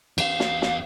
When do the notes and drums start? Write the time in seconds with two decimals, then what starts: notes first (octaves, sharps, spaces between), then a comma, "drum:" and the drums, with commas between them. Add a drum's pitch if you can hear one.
0.18 E2 F5, drum: cymbal
0.40 drum: snare
0.62 drum: snare